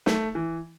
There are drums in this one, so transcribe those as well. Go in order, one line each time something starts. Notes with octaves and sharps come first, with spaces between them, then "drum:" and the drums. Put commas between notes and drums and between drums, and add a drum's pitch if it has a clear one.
A3, drum: snare
E3